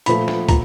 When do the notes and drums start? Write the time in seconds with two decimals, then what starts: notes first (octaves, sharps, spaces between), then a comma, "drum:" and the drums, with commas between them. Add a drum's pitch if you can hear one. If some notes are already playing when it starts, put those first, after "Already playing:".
0.06 A#2 F3 A3 B5, drum: hi-hat
0.28 drum: snare
0.49 A#2 A#5, drum: kick, hi-hat